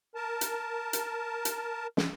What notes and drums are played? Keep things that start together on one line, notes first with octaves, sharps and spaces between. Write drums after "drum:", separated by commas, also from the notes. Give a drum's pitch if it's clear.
A#4 A5
drum: hi-hat
drum: hi-hat
drum: hi-hat
drum: snare